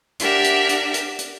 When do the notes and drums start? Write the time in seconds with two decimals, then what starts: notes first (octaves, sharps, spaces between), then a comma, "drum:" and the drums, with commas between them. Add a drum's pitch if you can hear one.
0.19 D4 G4 A#4 E5 F#5, drum: hi-hat
0.44 drum: hi-hat
0.69 drum: hi-hat
0.94 drum: hi-hat
1.19 drum: hi-hat